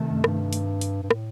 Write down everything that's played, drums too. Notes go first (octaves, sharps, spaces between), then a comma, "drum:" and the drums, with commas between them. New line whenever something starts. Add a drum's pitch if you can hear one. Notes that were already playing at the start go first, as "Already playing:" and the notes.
Already playing: C3 D#3 A3
F#2
G2, drum: rim click
drum: hi-hat
drum: hi-hat
G2
A2, drum: rim click